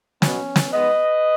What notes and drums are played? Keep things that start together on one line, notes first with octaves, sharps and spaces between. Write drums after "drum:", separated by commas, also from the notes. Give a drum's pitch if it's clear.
B2 F#3 B3 C#4, drum: snare
drum: snare
G#2 G#3 B3 B4 D#5